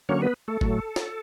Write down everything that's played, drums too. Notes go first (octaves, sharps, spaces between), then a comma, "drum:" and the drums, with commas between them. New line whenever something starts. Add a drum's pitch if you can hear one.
D3 F#3 A#3 C#4 C#5
B3 B4
A3 A4
A2 F#3 A3, drum: kick G1
drum: snare